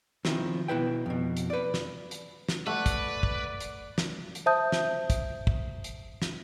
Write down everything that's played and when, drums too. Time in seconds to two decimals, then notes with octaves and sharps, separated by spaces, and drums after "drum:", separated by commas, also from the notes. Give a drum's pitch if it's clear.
0.25 D#3 F3 C4 E4, drum: snare
0.68 B2 E4 B4 G5
1.06 F2 B2
1.37 drum: hi-hat
1.50 B4 D5
1.74 drum: snare
2.11 drum: hi-hat
2.49 drum: snare
2.67 A3 B4 D5 F#5
2.86 drum: kick, hi-hat
3.23 drum: kick
3.60 drum: hi-hat
3.98 drum: snare
4.35 drum: hi-hat
4.46 C5 E5 A5 D#6 G6
4.72 drum: snare
5.10 drum: kick, hi-hat
5.47 drum: kick
5.84 drum: hi-hat
6.22 drum: snare